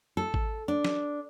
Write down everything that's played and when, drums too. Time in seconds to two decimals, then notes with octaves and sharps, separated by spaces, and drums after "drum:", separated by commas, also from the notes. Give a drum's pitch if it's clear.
0.17 A4
0.34 drum: kick G#1
0.68 D4
0.85 drum: snare